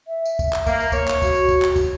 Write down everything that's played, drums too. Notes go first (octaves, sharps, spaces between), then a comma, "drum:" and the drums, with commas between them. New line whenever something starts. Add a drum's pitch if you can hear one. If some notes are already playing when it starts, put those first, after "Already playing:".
E5
drum: tambourine
drum: kick, tambourine
drum: clap
A#3, drum: kick, tambourine
drum: tambourine
C#5, drum: kick, tambourine
drum: clap
F#4, drum: kick, tambourine
drum: tambourine
drum: kick, tambourine
drum: clap
drum: kick, tambourine